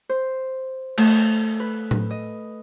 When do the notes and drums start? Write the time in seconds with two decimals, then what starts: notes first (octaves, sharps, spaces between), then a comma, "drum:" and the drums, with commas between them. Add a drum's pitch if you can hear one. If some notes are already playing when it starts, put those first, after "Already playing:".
0.09 C5
0.98 A3, drum: cymbal
1.60 B4
1.91 drum: tom A2
2.10 D#5